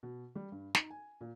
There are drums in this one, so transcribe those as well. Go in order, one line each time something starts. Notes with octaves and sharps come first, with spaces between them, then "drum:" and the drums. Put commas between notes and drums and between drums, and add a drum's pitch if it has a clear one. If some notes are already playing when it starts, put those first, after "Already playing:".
B2
G3
G2
D#4, drum: snare
G#5
A#2